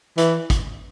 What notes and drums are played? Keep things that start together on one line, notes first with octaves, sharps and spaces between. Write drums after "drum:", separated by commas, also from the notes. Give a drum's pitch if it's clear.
E3, drum: hi-hat
drum: kick, hi-hat